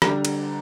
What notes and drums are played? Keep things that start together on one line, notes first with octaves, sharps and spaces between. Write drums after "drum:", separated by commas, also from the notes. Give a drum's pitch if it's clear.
D3 G3 D4 A#5, drum: rim click
drum: cymbal